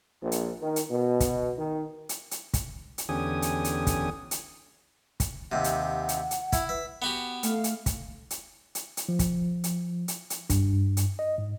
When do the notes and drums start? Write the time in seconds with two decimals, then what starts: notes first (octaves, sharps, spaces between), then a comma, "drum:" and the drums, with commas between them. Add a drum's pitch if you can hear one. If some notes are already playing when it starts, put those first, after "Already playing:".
0.22 A#1
0.32 drum: hi-hat
0.61 D#3
0.76 drum: hi-hat
0.91 B2
1.20 drum: kick, hi-hat
1.58 D#3
2.09 drum: hi-hat
2.31 drum: hi-hat
2.54 drum: kick, hi-hat
2.98 drum: hi-hat
3.09 E2 D3 C#4 G4 G#5 D#6
3.42 drum: hi-hat
3.64 drum: hi-hat
3.87 drum: kick, hi-hat
4.31 drum: hi-hat
5.20 drum: kick, hi-hat
5.52 D#2 C3 F#5
5.64 drum: hi-hat
6.09 drum: hi-hat
6.31 drum: hi-hat
6.53 E4, drum: kick, hi-hat
6.69 B4 E5
7.02 B3 F#4 G4
7.43 A3 F5, drum: hi-hat
7.64 drum: hi-hat
7.86 drum: kick, hi-hat
8.30 drum: hi-hat
8.75 drum: hi-hat
8.97 drum: hi-hat
9.09 F3
9.19 drum: kick, hi-hat
9.64 drum: hi-hat
10.08 drum: hi-hat
10.30 drum: hi-hat
10.50 G2, drum: kick, hi-hat
10.97 drum: hi-hat
11.19 D#5
11.38 G#2